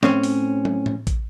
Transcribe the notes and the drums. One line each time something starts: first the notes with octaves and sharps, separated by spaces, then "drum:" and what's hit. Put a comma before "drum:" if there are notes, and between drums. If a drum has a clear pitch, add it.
A2 C4 C#4, drum: snare
drum: open hi-hat
drum: tom
drum: tom A2
drum: kick, hi-hat